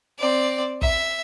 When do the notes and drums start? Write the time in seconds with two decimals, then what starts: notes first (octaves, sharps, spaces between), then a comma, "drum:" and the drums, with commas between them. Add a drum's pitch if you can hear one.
0.19 C4 D5
0.82 E5, drum: kick